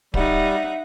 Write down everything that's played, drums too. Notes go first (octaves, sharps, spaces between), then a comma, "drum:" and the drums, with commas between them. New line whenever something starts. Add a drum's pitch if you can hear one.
G3 D#4 E5 F#5, drum: kick D1